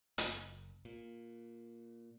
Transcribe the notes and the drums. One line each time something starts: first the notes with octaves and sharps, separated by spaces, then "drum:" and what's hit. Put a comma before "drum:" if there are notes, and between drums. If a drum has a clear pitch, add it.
F#1, drum: hi-hat
A#2